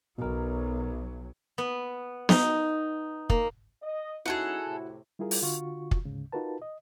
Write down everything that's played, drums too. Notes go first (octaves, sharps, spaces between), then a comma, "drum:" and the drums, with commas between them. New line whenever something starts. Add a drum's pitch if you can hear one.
B1 B2 F#3 A#4
B3
D#4, drum: snare B3
A#3, drum: kick
D#5
G#3 C#4 D#4 E4 F#4 G#4 A4 F#5
A2 C3
G3 E4 F4 G#4 A#4
drum: open hi-hat
D3 F4 F#4 C#6
drum: kick
D2 G#2 C#3
D#4 F4 F#4 A#4 B4 A5
D#5